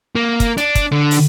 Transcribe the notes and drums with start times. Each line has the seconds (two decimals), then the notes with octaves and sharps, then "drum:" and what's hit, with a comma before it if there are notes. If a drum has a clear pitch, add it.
0.16 A#3
0.40 drum: kick, hi-hat
0.58 D4, drum: hi-hat
0.75 drum: kick, hi-hat
0.92 D3
1.11 drum: open hi-hat